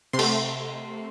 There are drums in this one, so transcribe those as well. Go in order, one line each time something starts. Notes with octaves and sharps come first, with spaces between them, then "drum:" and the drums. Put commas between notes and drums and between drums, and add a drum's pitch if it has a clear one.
C3 C6
A3, drum: cymbal